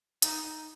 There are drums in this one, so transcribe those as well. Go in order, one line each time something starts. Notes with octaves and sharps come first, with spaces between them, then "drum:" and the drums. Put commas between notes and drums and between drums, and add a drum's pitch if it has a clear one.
D#4, drum: hi-hat